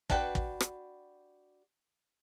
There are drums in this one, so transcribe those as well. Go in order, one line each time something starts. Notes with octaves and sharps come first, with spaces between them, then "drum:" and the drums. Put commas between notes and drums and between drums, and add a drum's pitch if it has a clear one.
D4 F#4 G4 B4 G5, drum: kick
drum: kick
drum: rim click